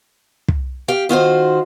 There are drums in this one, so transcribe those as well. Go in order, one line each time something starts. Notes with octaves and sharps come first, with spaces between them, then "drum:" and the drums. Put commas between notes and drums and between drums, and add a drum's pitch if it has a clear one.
drum: kick
G4 F5
D#3 F4 F#4 C5